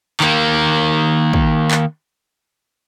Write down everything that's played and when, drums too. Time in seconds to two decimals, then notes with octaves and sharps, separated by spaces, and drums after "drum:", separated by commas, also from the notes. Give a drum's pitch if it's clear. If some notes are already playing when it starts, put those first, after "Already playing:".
0.20 D#3 A#3, drum: clap
1.33 drum: kick
1.71 drum: clap